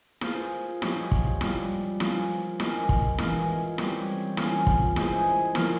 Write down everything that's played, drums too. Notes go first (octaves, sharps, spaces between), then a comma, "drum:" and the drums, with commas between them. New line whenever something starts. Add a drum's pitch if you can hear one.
A#3 F4 G#4 C5, drum: snare E4
F3 G#3 C#4 G4 C#5, drum: snare E4
drum: kick
G3 A#3 F4, drum: snare E4
F3 A#3 C#4 F4, drum: snare E4
G#3 C#4 G4 A#4, drum: snare E4
drum: kick
E3 G#3 C#4 F4 A#4, drum: snare E4
G3 C4 G4 C#5, drum: snare E4
A#3 C#4 F4, drum: snare E4
drum: kick
G#3 E4 G#4 C5, drum: snare E4
F3 A#3 F4 A#4 C#5, drum: snare E4